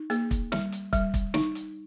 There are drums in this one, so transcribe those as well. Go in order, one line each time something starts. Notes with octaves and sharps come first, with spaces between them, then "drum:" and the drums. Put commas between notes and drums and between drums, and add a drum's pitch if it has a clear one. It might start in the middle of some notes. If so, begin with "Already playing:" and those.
Already playing: D#4
A#3 G#4, drum: hi-hat
drum: kick, hi-hat
G3, drum: snare
drum: hi-hat
G3, drum: kick, hi-hat
drum: kick, hi-hat
D#4, drum: snare
drum: hi-hat